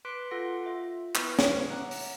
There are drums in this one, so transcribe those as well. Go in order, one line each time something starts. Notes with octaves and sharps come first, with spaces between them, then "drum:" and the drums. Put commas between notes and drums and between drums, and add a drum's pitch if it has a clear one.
B4 C6 D6 F#6 B6 D7
F4 A4 F#5 C6 A#6
F4 E5
B3 E4 B4 C#6 D#6, drum: clap
drum: snare
C#5 E5 F#5 A#5 D6 F#6
A#5, drum: open hi-hat